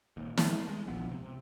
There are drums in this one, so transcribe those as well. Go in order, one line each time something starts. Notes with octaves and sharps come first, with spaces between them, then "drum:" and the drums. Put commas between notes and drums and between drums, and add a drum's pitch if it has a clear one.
D#1 D#2
G3 G#3, drum: snare
G#3
D1 A#1 F3 B3
C3